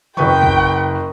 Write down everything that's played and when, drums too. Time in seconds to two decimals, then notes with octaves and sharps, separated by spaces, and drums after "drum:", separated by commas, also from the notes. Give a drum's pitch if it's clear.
0.17 F#1 B4 G5 C#6, drum: tom D#3
0.43 drum: kick